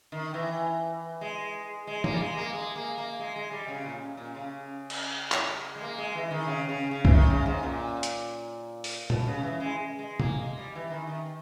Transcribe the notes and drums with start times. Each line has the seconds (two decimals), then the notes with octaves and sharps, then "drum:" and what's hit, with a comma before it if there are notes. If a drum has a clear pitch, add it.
0.12 D#3
0.34 E3
1.21 G#3
1.87 G#3
2.04 A#3, drum: tom
2.12 G3
2.20 G#3
2.37 A#3
2.53 G#3
2.76 A#3
2.98 A#3
3.19 G#3
3.36 G#3
3.51 G3
3.68 C#3
3.84 A#2
4.17 A#2
4.34 C#3
4.90 drum: cymbal
5.32 drum: clap
5.76 G#3
5.82 A#3
5.98 G#3
6.15 E3
6.31 D#3
6.47 C#3
6.69 C#3
6.91 C#3
7.05 E3, drum: kick B1
7.13 D#3
7.30 C#3
7.46 G#2
7.63 A#2
8.03 drum: hi-hat
8.84 drum: open hi-hat
9.10 B2, drum: tom
9.27 C#3
9.43 E3
9.60 G#3
9.99 G#3
10.20 A#3, drum: tom
10.42 G#3
10.58 G3
10.75 E3
10.91 D#3
11.07 D#3